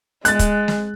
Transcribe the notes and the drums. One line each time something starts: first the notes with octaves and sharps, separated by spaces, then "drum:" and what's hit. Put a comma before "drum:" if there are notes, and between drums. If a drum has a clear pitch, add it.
G#3 F#6 A6, drum: hi-hat
drum: kick, hi-hat
drum: snare